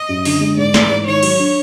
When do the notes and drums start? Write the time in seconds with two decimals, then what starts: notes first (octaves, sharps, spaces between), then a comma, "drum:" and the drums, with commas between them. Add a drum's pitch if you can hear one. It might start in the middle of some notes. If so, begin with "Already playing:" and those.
Already playing: D#5
0.09 F#2
0.25 D3, drum: open hi-hat
0.41 G#3
0.57 G#2 D5
0.74 E3, drum: snare
0.90 G#2
1.07 D#3 C#5
1.23 F#3, drum: cymbal
1.39 D4